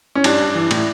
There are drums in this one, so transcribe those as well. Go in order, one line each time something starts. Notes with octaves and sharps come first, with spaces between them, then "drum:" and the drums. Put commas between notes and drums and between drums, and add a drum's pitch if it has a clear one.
C#4
G2 D4, drum: cymbal
G2
E3
A2, drum: cymbal